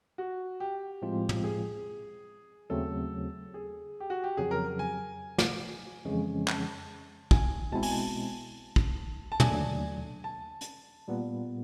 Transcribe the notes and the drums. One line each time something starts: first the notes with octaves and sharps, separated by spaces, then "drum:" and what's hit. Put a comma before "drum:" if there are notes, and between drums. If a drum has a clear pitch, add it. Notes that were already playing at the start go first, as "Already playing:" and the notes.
F#4
G4
A2 F3 G#3 C4 F4
drum: tom
G#4
D#2 C#3 F#3 A3 C4 A4
G#4
G4
F#4
G4
F2 C#3 F#3 G#4
A#4
G#5
drum: snare
F2 C#3 E3 G#3 C#4
A5, drum: clap
G#5, drum: kick
B2 G#3 C4 E4 A5
G#5, drum: open hi-hat
A5
drum: kick
A5
D#2 D3 F#3 A3 D4 G#5, drum: tom
A5
drum: hi-hat
A#2 G3 B3